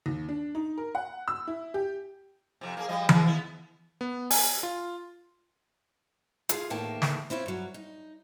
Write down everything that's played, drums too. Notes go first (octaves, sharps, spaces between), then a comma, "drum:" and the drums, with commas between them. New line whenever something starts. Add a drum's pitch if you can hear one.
D#2
D4
D#4
A#4
F#5
E6
E4
G4
F2 C3
A#3 C#4 G#4
F3 G3 D#5
E3 F3 G#3, drum: tom E3
B3 E4
B3
G#5, drum: open hi-hat
F4
F4 G#4 F5, drum: hi-hat
E2 A2 D#3 A#3 G5 A5
drum: snare
C4 E4 F4 C#5
G2 F#3
D#4